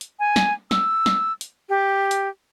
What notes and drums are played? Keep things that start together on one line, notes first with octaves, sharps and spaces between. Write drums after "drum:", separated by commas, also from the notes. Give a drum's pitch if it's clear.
drum: hi-hat
G#5
drum: snare
E6, drum: snare
drum: snare
drum: hi-hat
G4
drum: hi-hat